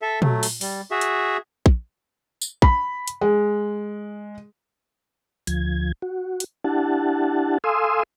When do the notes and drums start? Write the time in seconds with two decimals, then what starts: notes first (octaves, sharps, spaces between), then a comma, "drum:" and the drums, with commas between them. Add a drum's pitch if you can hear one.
0.02 A4 E5
0.22 F#3 A3, drum: tom
0.43 drum: open hi-hat
0.61 G3, drum: open hi-hat
0.91 F#4 G#4 E5
1.01 drum: hi-hat
1.66 drum: kick
2.41 drum: tambourine
2.62 B5, drum: kick
3.08 drum: hi-hat
3.21 G#3
5.47 D2 F3 G#6, drum: hi-hat
6.02 F#4
6.40 drum: hi-hat
6.64 D4 E4 G4 F#5 A5
7.64 A4 F5 G#5 C6 D#6 E6